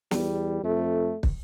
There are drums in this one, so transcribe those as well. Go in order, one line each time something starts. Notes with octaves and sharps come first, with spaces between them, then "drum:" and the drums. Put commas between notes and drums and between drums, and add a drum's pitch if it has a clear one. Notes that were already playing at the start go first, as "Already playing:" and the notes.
E2 G3, drum: snare
F2 A3
drum: kick